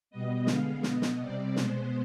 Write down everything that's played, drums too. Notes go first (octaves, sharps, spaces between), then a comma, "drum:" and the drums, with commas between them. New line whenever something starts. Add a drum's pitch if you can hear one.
B2 G3 B3 D#5
D3 G#3 B3 F5, drum: snare
B2 B3 D#5, drum: snare
drum: snare
C3 G3 C4 D5
B2 G#3 B3 C5, drum: snare